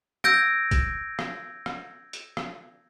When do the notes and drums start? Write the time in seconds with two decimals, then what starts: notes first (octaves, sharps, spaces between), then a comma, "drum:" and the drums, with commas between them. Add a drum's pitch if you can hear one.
0.24 E6 G6 G#6 A#6 D7, drum: rim click
0.71 drum: kick, hi-hat
1.19 drum: rim click
1.66 drum: rim click
2.13 drum: hi-hat
2.37 drum: rim click